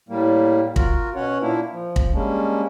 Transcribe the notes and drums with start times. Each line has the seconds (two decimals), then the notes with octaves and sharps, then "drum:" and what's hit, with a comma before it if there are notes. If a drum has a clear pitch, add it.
0.09 A2 G3 A#3
0.76 F4 F#4 A#4, drum: kick
1.15 B2 C#4 C#5 F#5
1.41 A#2 A#3 D4 E4
1.73 F3
1.96 drum: kick
2.13 G3 G#3 A#3 C#4 D4